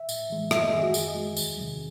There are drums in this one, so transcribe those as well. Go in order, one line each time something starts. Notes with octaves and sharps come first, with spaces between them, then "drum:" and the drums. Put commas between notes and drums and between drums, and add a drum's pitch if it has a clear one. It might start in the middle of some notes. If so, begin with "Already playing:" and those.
Already playing: E5
A2, drum: tambourine
E3 G#3
F#2 E5, drum: rim click
D#5
D#3 G#3 G#4
F#4
F#2 G#4, drum: tambourine
D#3 G#3
E2, drum: tambourine
C3 D#3 F#3